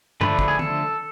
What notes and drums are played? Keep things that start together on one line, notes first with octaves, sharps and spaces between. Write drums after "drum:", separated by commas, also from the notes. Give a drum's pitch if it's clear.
D3 F3 A3 D4 B4, drum: tom G2
drum: kick
G#4
A4, drum: tom D#3